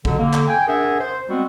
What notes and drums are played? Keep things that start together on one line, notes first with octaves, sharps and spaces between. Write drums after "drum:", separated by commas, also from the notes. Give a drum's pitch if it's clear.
B2 D3 F#3, drum: kick G#1
D3 A#3
drum: clap
G5 G#5
D4 G#4 A#4 E5 F#5 G#5
C5
G3 G#3 B3 C4 F#4